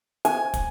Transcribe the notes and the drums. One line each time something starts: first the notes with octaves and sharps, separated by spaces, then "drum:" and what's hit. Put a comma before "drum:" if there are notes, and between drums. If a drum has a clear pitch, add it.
G#5, drum: hi-hat
drum: kick, hi-hat